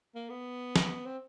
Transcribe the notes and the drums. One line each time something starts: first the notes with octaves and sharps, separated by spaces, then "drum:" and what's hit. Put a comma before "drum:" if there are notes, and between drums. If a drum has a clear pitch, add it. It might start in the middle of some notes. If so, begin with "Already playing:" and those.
A#3
B3
drum: snare
C4